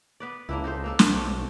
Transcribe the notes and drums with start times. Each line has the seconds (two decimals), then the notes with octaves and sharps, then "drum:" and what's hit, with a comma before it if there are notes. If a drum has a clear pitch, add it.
0.20 B3 B4 D5
0.49 C#2 A#3 D4 E4
0.64 D#4 A4 C5
0.84 A#3 D4 A4
0.99 drum: snare
1.13 B1 C4 D4 C#5